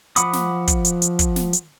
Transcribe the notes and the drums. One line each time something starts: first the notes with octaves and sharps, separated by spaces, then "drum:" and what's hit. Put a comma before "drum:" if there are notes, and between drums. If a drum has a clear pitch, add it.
F3 F#5 B5 D6 D#6, drum: hi-hat
drum: snare
drum: kick, hi-hat
drum: hi-hat
drum: hi-hat
drum: kick, hi-hat
drum: snare
drum: hi-hat